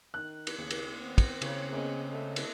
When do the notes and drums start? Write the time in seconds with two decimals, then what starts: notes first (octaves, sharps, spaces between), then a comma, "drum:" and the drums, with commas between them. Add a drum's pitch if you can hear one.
0.14 D#3 F#6
0.47 drum: cymbal
0.58 D#2 C#3
0.71 drum: cymbal
1.00 B3 C4
1.18 drum: kick, cymbal
1.42 C#3 C#5, drum: cymbal
1.72 A#3 B3 C#4 G#4 D#5
2.08 A3 D#5
2.36 drum: cymbal